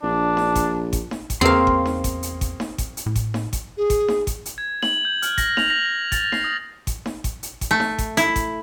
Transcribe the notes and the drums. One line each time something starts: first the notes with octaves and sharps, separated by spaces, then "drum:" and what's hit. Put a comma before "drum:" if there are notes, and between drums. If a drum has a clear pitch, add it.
A#1 D4
drum: snare D#4
drum: kick G1, hi-hat
drum: kick G1, hi-hat
drum: snare D#4
drum: kick G1, hi-hat
E2 C#3 A#3 C4 F5 C6
drum: kick G1
drum: snare D#4
drum: kick G1, hi-hat
drum: hi-hat
drum: kick G1, hi-hat
drum: snare D#4
drum: kick G1, hi-hat
drum: hi-hat
A2
drum: kick G1, hi-hat
drum: snare D#4
drum: kick G1, hi-hat
G#4
drum: kick G1, hi-hat
drum: snare D#4
drum: kick G1, hi-hat
drum: hi-hat
G#6
F#7, drum: snare D#4
G6
F6, drum: hi-hat
A#6, drum: kick G1, hi-hat
F7, drum: snare D#4
A#6
F#7
A6, drum: kick G1, hi-hat
C7, drum: snare D#4
D#6
drum: kick G1, hi-hat
drum: snare D#4
drum: kick G1, hi-hat
drum: hi-hat
drum: kick G1, hi-hat
A3
drum: snare D#4
drum: kick G1, hi-hat
E4, drum: hi-hat
drum: kick G1, hi-hat